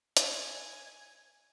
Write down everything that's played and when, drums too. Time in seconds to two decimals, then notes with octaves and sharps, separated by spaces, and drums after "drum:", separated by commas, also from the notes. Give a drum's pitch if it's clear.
0.17 G#5, drum: hi-hat